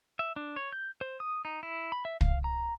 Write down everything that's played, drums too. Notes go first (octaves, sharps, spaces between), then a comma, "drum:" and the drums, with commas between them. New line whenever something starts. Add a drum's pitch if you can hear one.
E5
D4
C#5
G6
C5
D#6
D#4
E4
B5
E5
F5, drum: kick
A#5